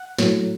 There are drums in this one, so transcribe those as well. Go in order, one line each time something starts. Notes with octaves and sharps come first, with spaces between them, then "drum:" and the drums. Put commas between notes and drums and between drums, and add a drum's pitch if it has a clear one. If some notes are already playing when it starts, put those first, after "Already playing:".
Already playing: F#5
A2 F#3, drum: snare